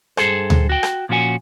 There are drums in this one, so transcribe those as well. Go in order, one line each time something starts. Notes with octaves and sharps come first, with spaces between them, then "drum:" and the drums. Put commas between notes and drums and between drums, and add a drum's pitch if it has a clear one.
G2 G#4 A4 C5, drum: rim click
drum: tom D2
F#4 G5
drum: rim click
A#2 F3 C#4 F#4 G#5